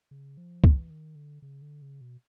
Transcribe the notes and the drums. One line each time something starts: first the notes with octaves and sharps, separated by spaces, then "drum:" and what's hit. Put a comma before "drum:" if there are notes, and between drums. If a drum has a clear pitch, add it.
C#3
F3
E3, drum: kick
D#3
D3
C#3
D3
C#3
B2